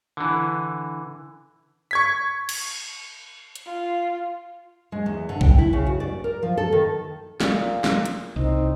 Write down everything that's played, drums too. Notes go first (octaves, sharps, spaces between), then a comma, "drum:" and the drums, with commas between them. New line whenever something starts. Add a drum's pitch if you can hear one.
D3 E3
C#6 G#6 B6
drum: cymbal
drum: hi-hat
F4
G#3
E2
D3
G5, drum: kick B1
E4
C#3
F#4
D5
A#4
F3
A4
D#3
A#2, drum: snare
drum: snare
drum: hi-hat
C2 C4 D#4